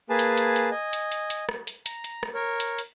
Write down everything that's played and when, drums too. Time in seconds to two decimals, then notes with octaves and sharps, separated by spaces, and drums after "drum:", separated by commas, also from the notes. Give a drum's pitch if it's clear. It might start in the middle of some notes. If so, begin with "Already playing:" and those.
0.10 A#3 G#4 B4 G#5 A5
0.19 drum: hi-hat
0.37 drum: hi-hat
0.56 drum: hi-hat
0.71 D#5 G#5
0.93 drum: hi-hat
1.12 drum: hi-hat
1.30 drum: hi-hat
1.49 drum: rim click
1.67 drum: hi-hat
1.86 A#5, drum: hi-hat
2.04 drum: hi-hat
2.23 drum: rim click
2.34 A#4 C#5
2.60 drum: hi-hat
2.78 drum: hi-hat